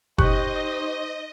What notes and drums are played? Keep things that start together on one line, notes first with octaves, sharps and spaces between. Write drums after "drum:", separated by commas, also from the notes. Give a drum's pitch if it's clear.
D#4 G4 C5 D#5 C#6 F#6, drum: kick F#1